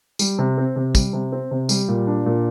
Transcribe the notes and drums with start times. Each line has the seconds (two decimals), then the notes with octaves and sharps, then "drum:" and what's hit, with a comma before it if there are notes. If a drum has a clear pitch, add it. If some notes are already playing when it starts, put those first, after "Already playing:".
0.19 G3, drum: tambourine
0.39 C3
0.58 C4
0.76 C3
0.95 G3, drum: kick, tambourine
1.13 C3
1.32 C4
1.51 C3
1.69 G3, drum: tambourine
1.88 A#2
2.07 D4
2.26 A#2